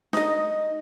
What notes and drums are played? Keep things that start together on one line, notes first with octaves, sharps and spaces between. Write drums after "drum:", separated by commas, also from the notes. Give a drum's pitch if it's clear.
D#4 D#5, drum: snare D4